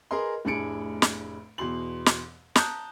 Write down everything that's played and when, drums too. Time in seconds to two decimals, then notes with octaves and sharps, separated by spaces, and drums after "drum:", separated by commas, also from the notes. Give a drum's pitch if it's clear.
0.11 G#4 A#4 B4 D#5 C6
0.45 F1 A2 D4 G#4 C#7 D7
1.02 drum: snare
1.58 E2 B2 C6 F#7
2.06 drum: snare
2.56 A5 A#5 D#6 F#6 G6, drum: snare